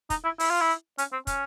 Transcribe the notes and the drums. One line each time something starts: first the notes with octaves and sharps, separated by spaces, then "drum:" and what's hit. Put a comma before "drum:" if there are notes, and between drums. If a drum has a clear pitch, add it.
D#4, drum: kick, hi-hat
E4
E4, drum: open hi-hat
F4
E4
C#4, drum: hi-hat
C4
C#4, drum: kick, hi-hat